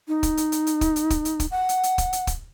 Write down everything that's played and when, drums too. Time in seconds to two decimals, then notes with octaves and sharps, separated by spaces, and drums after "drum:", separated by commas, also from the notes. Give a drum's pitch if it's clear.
0.08 D#4
0.23 drum: kick, hi-hat
0.37 drum: hi-hat
0.52 drum: hi-hat
0.67 drum: hi-hat
0.81 drum: kick, hi-hat
0.96 drum: hi-hat
1.10 drum: kick, hi-hat
1.25 drum: hi-hat
1.40 drum: kick, hi-hat
1.51 F#5
1.69 drum: hi-hat
1.83 drum: hi-hat
1.98 drum: kick, hi-hat
2.13 drum: hi-hat
2.27 drum: kick, hi-hat